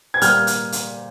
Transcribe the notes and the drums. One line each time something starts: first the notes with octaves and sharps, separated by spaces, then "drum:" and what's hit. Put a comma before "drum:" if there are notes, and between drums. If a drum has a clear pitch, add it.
G#6
A#2 G3 A#3 F6 G6, drum: hi-hat
drum: hi-hat
drum: hi-hat